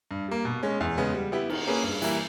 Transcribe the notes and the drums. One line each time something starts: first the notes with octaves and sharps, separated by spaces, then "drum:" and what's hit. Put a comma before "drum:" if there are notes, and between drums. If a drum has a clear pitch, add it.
G2
G3 A#3
B2
G#3 C#4
E2
C#3 G#3 B3
G3
B3 E4 G4
D#3, drum: cymbal
A#3 C#4 G#4 B4
G2
E3 G3 A#3 E4, drum: hi-hat